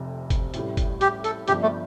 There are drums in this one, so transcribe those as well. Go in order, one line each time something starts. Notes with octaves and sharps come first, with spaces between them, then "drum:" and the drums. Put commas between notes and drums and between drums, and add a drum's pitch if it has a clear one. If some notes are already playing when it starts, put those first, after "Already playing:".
Already playing: F1 F2 C3
drum: kick, hi-hat
A1 A2 G3, drum: hi-hat
drum: kick, hi-hat
G4, drum: hi-hat
A4, drum: hi-hat
G1 G2 F3 D4 G4, drum: hi-hat
A3